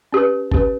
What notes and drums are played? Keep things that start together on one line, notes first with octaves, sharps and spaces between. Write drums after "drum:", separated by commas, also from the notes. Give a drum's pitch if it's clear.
C#4 G4 B4
C#4 G4 B4, drum: kick G1